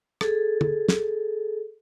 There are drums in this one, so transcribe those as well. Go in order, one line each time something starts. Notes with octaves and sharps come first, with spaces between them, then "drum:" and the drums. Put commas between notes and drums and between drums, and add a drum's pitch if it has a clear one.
G#4 A4, drum: rim click
drum: tom
drum: snare